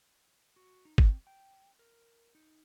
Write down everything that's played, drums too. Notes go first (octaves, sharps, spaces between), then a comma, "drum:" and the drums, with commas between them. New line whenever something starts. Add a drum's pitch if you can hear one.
F#4
D#4
C4, drum: kick
G5
A#4
D#4